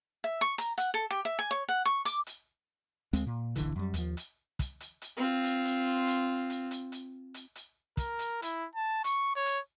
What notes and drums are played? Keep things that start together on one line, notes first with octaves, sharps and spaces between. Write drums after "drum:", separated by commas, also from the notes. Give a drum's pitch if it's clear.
E5
C#6
A#5, drum: hi-hat
F#5, drum: hi-hat
A4
G4
E5
G#5
C#5
F#5
C#6
D6, drum: hi-hat
drum: hi-hat
D2 G#3 C4, drum: hi-hat
A#2
D1 A1 D3 E3, drum: hi-hat
F#2 G3
D#2 F3, drum: hi-hat
drum: hi-hat
drum: kick, hi-hat
drum: hi-hat
drum: hi-hat
C4 F4
drum: hi-hat
drum: hi-hat
drum: hi-hat
drum: hi-hat
drum: hi-hat
drum: hi-hat
drum: hi-hat
drum: hi-hat
A#4, drum: kick, hi-hat
drum: hi-hat
E4, drum: hi-hat
A5
C#6, drum: hi-hat
C#5
drum: hi-hat